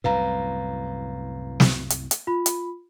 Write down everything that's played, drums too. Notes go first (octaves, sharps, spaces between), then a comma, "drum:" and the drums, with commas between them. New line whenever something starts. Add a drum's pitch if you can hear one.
C2 F#2 A2 B4 F5 A#5
drum: snare
drum: hi-hat
drum: hi-hat
F4 B5
drum: hi-hat